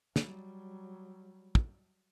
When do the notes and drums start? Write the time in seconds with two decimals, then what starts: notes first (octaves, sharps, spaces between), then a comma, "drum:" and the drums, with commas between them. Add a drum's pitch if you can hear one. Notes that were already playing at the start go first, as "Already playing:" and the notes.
0.16 F#3 G3, drum: snare
1.55 drum: kick